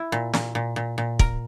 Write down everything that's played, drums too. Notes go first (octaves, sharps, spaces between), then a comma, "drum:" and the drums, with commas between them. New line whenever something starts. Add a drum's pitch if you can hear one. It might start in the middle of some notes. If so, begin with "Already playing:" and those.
Already playing: E4
A#2
A#2, drum: snare
A#2
A#2
A#2
A#4, drum: kick